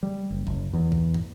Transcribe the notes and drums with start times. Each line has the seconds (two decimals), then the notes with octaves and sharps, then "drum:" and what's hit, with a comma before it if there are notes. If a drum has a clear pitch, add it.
0.03 G3
0.31 F#1
0.47 F#1, drum: kick
0.74 E2
0.92 drum: kick
1.14 drum: tom